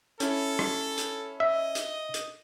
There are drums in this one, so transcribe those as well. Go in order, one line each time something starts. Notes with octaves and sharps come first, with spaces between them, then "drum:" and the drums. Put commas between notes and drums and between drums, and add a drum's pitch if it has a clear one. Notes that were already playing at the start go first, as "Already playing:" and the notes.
C#4 E4 A4, drum: hi-hat
drum: rim click
drum: hi-hat
D#5 E5
drum: hi-hat
drum: hi-hat